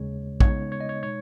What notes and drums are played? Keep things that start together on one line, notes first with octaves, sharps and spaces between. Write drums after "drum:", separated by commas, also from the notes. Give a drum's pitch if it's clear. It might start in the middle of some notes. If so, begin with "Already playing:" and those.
Already playing: D#2 C#3 G#3 C#5
C#3 G#3 B3 D#4 C#5, drum: kick
C#5
D#5
C#5
B2 G#3 D#4 C#5